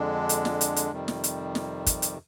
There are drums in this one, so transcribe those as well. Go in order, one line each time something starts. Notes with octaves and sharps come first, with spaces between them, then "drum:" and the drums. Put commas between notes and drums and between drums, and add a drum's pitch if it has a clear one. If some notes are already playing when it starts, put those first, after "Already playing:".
Already playing: F2 D3 G#3 D4
drum: hi-hat
drum: snare
drum: hi-hat
drum: hi-hat
F2 C3 D#3 G3
drum: snare
drum: hi-hat
drum: snare
drum: kick, hi-hat
drum: hi-hat